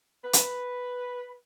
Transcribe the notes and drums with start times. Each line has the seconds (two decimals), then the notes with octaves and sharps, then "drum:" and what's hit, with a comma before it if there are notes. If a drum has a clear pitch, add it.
0.24 B4
0.33 drum: hi-hat